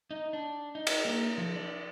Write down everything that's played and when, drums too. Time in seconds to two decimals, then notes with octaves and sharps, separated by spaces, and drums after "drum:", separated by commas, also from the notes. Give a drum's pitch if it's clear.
0.11 D#4
0.33 D4
0.75 D#4
0.87 drum: cymbal
1.05 A#3
1.38 F3
1.56 D5